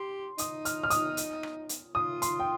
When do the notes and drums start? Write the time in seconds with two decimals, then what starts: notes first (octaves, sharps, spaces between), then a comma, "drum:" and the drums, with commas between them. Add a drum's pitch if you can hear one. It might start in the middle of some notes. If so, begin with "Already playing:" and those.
Already playing: G4 C6
0.38 D#4 D#6, drum: hi-hat
0.65 F6, drum: hi-hat
0.83 F6
0.90 D#6, drum: hi-hat
1.17 drum: hi-hat
1.43 drum: rim click
1.69 drum: hi-hat
1.95 F4 D#6
2.22 C6, drum: hi-hat
2.40 G5